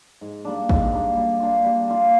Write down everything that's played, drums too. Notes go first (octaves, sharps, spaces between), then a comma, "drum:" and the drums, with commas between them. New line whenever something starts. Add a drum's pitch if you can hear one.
G#2
G3 A#3 D4
G#2, drum: kick G#1
G3 A#3 D4
G3
A#3 D4 F4
G3
A#3 D4 F4